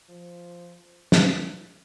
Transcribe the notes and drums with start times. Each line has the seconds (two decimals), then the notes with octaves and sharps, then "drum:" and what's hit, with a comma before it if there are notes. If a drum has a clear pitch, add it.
0.09 F3
1.12 drum: snare